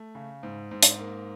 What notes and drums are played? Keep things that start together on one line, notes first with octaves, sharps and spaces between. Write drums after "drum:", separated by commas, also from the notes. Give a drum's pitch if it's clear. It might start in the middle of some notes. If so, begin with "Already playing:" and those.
Already playing: A3
C#3
G#2
G#2
drum: hi-hat
A#3